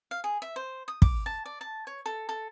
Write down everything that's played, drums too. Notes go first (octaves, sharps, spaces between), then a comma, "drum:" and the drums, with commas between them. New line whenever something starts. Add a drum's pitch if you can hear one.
F5
G#4
E5
C5
D#6
D6, drum: kick
A5
D5
A5
C#5
A4
A4